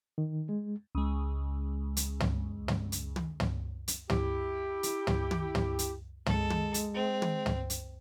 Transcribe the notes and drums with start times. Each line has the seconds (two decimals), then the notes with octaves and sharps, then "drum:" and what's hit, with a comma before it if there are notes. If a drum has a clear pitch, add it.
0.18 D#3
0.49 G#3
0.95 C#2 G#3
1.97 drum: hi-hat
2.20 drum: tom
2.68 drum: tom
2.92 drum: hi-hat
3.16 drum: tom
3.40 drum: tom
3.88 drum: hi-hat
4.10 E4 G4, drum: tom
4.83 drum: hi-hat
5.07 drum: tom
5.31 drum: tom
5.55 drum: tom
5.79 drum: hi-hat
6.26 G#3 A4, drum: tom
6.50 drum: tom
6.74 drum: hi-hat
6.94 C4
7.22 drum: tom
7.46 drum: tom
7.70 drum: hi-hat